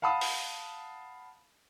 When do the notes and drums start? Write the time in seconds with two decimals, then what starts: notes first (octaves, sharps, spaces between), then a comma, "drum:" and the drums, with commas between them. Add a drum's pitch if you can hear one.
0.02 F5 F#5 A5 B5 D#6
0.21 drum: open hi-hat